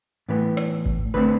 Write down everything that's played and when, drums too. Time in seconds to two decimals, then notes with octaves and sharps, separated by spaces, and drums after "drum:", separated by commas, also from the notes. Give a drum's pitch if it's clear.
0.28 A2 E3 B3
0.57 drum: rim click
0.86 drum: kick G#1
1.14 D3 A3 C4 B4